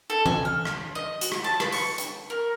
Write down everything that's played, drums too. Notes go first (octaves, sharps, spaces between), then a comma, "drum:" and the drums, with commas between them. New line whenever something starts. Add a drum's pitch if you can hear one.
A4
G#5, drum: tom E3
F6
drum: rim click
D#5
F#4, drum: hi-hat
drum: rim click
A5
B4, drum: rim click
C#6, drum: open hi-hat
drum: hi-hat
A#4